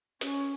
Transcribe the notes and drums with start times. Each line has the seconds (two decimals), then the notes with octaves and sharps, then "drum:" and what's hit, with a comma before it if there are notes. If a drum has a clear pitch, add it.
0.21 C#4, drum: hi-hat